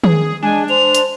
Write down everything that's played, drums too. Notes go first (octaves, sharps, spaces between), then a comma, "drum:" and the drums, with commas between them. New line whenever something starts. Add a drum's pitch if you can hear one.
G#4, drum: tom D#3
G#3 D4 G#5
C5 F7
drum: hi-hat